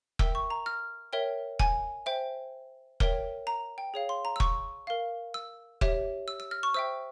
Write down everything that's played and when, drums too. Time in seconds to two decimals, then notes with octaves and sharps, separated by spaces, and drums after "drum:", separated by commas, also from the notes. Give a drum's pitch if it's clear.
0.19 A#4 E5 G5 E6, drum: kick F1
0.35 C#6
0.50 A#5
0.66 F6
1.13 A#4 C#5 E5 G5
1.59 G#5, drum: kick F1
2.06 C5 E5 G5
3.00 A#4 C#5 E5 G5, drum: kick F1
3.47 A#5
3.78 G5
3.94 G#4 C#5 F5
4.09 C6
4.25 A#5
4.36 E6
4.40 C#6, drum: kick F1
4.87 A#4 F5
5.34 E6
5.81 G4 C#5 E5, drum: kick F1
6.28 E6
6.40 E6
6.51 F6
6.63 C#6
6.74 C5 E5 G5 E6